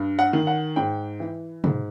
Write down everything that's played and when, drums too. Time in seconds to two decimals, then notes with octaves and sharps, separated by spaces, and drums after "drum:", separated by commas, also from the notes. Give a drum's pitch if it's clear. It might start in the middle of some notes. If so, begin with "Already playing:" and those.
Already playing: G2
0.19 F#5
0.33 D#3
0.47 F#5
0.76 G#2 G5
1.20 E3
1.64 G#2, drum: tom